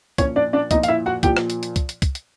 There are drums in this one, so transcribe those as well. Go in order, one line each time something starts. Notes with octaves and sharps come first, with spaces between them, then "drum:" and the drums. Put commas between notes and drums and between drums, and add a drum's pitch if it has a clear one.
A#2 F3 C#4 C#5, drum: kick, hi-hat
D4 D5
D4 D5
A#2 F3 D#4 D#5, drum: kick, hi-hat
F5, drum: hi-hat
E4 E5
F#4 F#5
A#2 F3 G4 G5, drum: kick, hi-hat
drum: rim click
drum: hi-hat
drum: hi-hat
drum: kick, hi-hat
drum: hi-hat
drum: kick, hi-hat
drum: hi-hat